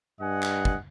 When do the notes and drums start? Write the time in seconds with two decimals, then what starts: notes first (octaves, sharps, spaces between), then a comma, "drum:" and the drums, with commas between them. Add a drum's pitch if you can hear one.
0.20 G2 D#5 F#5 G#5
0.43 drum: clap
0.65 drum: kick